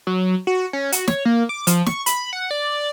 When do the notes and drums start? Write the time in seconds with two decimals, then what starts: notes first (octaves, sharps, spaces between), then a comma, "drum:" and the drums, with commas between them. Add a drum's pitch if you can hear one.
0.07 F#3
0.47 F#4
0.73 C#4
0.92 F#4, drum: hi-hat
1.08 C#5, drum: snare
1.25 A#3
1.49 D6
1.67 F3, drum: hi-hat
1.86 C#6, drum: snare
2.06 B5, drum: hi-hat
2.33 F#5
2.51 D5